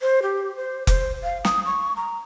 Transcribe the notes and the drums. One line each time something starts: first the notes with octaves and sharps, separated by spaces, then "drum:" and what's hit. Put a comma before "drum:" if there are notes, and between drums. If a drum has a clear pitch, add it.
C5
G4
C5
C5, drum: kick F1, hi-hat
F5
D#6, drum: snare
C#6
A#5